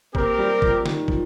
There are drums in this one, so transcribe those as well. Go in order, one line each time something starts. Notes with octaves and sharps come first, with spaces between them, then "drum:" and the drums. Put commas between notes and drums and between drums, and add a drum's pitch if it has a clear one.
A#3 C4 G4 A#4, drum: kick
G3
F3, drum: kick
D#3, drum: snare
F3, drum: kick